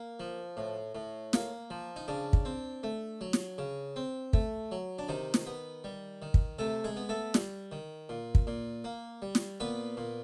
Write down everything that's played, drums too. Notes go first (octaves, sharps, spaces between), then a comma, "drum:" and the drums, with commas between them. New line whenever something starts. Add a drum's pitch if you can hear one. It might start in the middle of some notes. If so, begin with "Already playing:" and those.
Already playing: A#3
F3
A2
A2
A#3, drum: snare
F3
D#4
C#3 D4
drum: kick
C4
A3
F#3
drum: snare
C#3
C4
A3, drum: kick
F#3
D4
C3 D#3 D#4
drum: snare
B3
G3
D#3
drum: kick
C3 A3 A4
G#3 G#4
B3
A3 A4
G3, drum: snare
D#3
A#2
drum: kick
A#2
A#3
G3
drum: snare
A#2 B3 B4
A#2